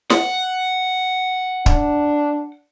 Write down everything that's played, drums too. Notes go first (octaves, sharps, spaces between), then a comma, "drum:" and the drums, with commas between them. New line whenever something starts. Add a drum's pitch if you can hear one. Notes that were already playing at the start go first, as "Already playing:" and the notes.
F#5, drum: snare
D4, drum: kick